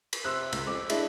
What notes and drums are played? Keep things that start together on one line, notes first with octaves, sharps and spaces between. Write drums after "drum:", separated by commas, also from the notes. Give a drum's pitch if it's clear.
drum: cymbal
C3 C6 E6 F#6
C#2, drum: cymbal
F2 D6
G#3 D4 E4 D#5, drum: cymbal